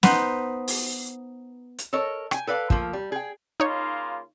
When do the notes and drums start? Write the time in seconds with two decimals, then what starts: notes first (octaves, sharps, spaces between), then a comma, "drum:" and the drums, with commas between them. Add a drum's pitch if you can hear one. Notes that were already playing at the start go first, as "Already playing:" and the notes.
0.03 B3 D#4 B4 C5, drum: snare
0.68 drum: open hi-hat
1.78 drum: hi-hat
1.93 A4 A#4 C#5 D#5
2.31 G5 G#5, drum: rim click
2.47 A4 B4 D5 F5
2.70 F3 A3 A#3, drum: kick
2.93 G3
3.12 G#4 G5
3.60 C#3 A#3 D#4 F4 C#5